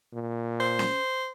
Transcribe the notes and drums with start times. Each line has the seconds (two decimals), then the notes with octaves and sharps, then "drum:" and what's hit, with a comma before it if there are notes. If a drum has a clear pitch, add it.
0.13 A#2
0.60 C5
0.79 drum: snare C#4